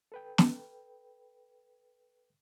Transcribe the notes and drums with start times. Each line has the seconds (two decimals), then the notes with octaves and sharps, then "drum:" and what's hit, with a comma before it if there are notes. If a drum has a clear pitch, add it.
0.12 A4 B4 G5
0.38 drum: snare